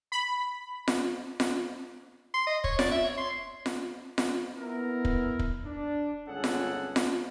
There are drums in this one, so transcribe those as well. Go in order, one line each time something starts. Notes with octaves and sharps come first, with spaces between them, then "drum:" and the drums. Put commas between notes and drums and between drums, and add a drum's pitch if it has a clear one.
B5
drum: snare F4
drum: snare F4
C6
D#5
C#5, drum: kick
D5, drum: snare F4
E5
C#5
C6
drum: snare F4
drum: snare F4
B3 E4 A#4
drum: kick
drum: kick
D4
G1 C#2 C#4 G#4 A4 F#5
drum: snare F4
drum: snare F4